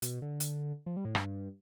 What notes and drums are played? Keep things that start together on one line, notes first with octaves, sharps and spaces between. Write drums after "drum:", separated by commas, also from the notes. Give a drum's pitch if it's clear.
B2, drum: hi-hat
D3
drum: hi-hat
F3
G3
A2
G2, drum: rim click